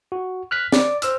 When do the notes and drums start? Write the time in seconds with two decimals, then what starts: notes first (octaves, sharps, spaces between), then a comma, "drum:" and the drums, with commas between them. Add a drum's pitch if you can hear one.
0.12 F#4
0.51 F6 F#6 B6
0.72 D5, drum: snare
1.02 C5 E6 F6, drum: hi-hat